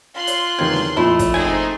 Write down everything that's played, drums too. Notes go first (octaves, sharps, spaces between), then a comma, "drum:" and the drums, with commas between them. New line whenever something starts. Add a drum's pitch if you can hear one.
F4 C6 F#6
drum: hi-hat
E2 C3 D#3 F#3 G#6
drum: snare
F2 A#2 A3 E4 A4
drum: kick, hi-hat
C4 D#4 G#4 G#5